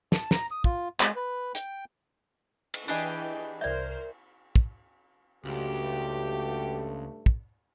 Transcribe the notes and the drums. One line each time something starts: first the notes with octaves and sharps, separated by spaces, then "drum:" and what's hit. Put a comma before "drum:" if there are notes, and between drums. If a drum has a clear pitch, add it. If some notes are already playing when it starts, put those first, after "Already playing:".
A5, drum: snare
A#5, drum: snare
D#6
F4, drum: kick
G#3, drum: clap
B4
G5, drum: hi-hat
drum: cymbal
E3 D4 G4 G#4 D#5 G5 B5
C2 A#4 C5 D5 E5 G6
drum: kick
C#2 G2 A3 F#4 G4 A4
drum: kick